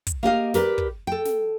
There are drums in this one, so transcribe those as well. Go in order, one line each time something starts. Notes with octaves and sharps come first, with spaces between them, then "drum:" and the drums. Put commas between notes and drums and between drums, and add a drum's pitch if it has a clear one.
drum: kick, hi-hat
A#3 G4 D#5 F5
G4 A#4 B4 D5, drum: snare
drum: kick
A4 G5
drum: snare